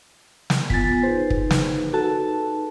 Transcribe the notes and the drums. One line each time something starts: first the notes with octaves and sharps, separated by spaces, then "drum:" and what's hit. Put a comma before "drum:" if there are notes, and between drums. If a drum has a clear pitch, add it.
drum: snare
B3 F4 G#5 A6 B6, drum: kick
D#4 G#4 B4 C5
drum: kick
drum: snare
F#4 A4 A5